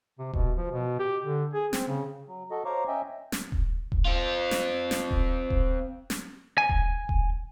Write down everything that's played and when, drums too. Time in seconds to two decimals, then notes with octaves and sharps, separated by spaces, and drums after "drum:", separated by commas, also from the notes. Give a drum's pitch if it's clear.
0.19 C3
0.33 B2, drum: kick D#1
0.57 F3
0.71 B2
0.99 G4
1.25 D3
1.54 G#4
1.73 C4, drum: snare
1.88 C#3
2.26 F#3
2.51 F#4 A4 D#5
2.65 C5 C#5 F5 A#5 C#6 D6
2.88 C#4 D#5 E5 G5 G#5
3.32 drum: snare
3.52 drum: kick D#1
3.92 drum: kick D#1
4.05 C4 F4
4.51 drum: snare
4.91 drum: snare
5.11 drum: kick D#1
5.50 drum: kick D#1
6.10 drum: snare
6.58 G#5
6.69 drum: kick D#1
7.09 drum: kick D#1